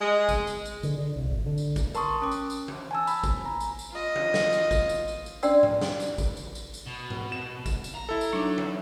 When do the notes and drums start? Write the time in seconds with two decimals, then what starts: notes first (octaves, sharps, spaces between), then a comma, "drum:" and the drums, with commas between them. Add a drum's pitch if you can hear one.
0.01 G#3
0.29 drum: kick G#1, tambourine
0.47 drum: tambourine
0.66 drum: tambourine
0.83 D3, drum: tambourine
0.98 D3
1.16 C2
1.30 G#1
1.46 D3
1.58 drum: tambourine
1.76 drum: kick G#1, tambourine
1.95 A#4 A5 C6 C#6 D#6, drum: tambourine
2.22 C#4 D6
2.31 drum: tambourine
2.50 drum: tambourine
2.68 drum: tom E3
2.91 G#5 A5 E6
3.07 B5, drum: tambourine
3.24 drum: kick G#1, tambourine
3.45 A#5
3.60 drum: tambourine
3.79 drum: tambourine
3.91 F4 D#5
4.16 drum: tom E3
4.34 drum: snare
4.52 drum: tambourine
4.71 drum: kick G#1, tambourine
4.89 drum: tambourine
5.08 drum: tambourine
5.26 drum: tambourine
5.43 C#4 D4 D5 G5 C6 E6, drum: tambourine
5.63 drum: tom G#2
5.81 drum: snare
6.00 drum: tambourine
6.18 drum: kick G#1, tambourine
6.37 drum: tambourine
6.55 drum: tambourine
6.74 drum: tambourine
6.86 B2
7.10 drum: tom G#2
7.32 E7
7.66 drum: kick G#1, tambourine
7.84 drum: tambourine
7.95 A#5
8.09 E4 A4
8.21 drum: tambourine
8.33 F#3 D4 D#4
8.58 drum: tom E3